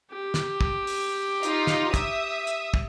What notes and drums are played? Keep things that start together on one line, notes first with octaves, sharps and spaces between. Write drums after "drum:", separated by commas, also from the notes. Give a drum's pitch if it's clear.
G4
drum: snare
drum: kick
drum: open hi-hat
D#4 F4, drum: hi-hat
drum: snare
E5 D#6, drum: kick, hi-hat
drum: hi-hat
drum: kick